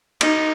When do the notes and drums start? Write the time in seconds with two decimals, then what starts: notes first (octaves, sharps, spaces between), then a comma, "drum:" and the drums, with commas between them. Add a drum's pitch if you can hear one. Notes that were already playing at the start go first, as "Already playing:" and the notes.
0.21 D#4, drum: cymbal